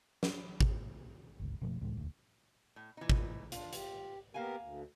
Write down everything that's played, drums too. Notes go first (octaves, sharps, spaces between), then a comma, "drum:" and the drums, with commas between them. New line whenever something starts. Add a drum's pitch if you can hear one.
drum: snare
drum: kick G#1
G1 C#2
F#1 B2 F3 A3
C#2 A2 E3 G#3
E1 D2
A2
A#2 E3 D#4
drum: kick G#1
D4 F4, drum: hi-hat
G4, drum: hi-hat
A#3 B3 G4 A#4 F5 G#5
D2